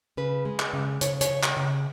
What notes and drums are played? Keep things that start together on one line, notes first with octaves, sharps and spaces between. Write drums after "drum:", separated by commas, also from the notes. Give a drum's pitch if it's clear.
C#3 B4
G#3
drum: clap
C#3
C#3 C#5, drum: hi-hat
C#5, drum: hi-hat
C#3
drum: clap
C#3